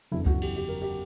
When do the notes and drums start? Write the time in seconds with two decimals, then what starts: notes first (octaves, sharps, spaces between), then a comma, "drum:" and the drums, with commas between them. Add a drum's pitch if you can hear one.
0.11 F#1 E2 D3 E4
0.26 F#4, drum: kick C#2
0.42 G4, drum: cymbal
0.56 G4
0.68 A#4
0.82 G4